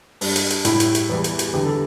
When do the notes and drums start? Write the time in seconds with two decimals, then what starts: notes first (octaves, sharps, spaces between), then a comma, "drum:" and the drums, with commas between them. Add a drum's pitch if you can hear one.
0.21 G2 G3, drum: open hi-hat
0.36 drum: hi-hat
0.50 drum: hi-hat
0.65 A2 G3 E4, drum: hi-hat
0.80 drum: hi-hat
0.95 drum: hi-hat
1.09 E2 E3 G3
1.24 drum: hi-hat
1.39 drum: hi-hat
1.53 E2 D3 G3 G4
1.64 A4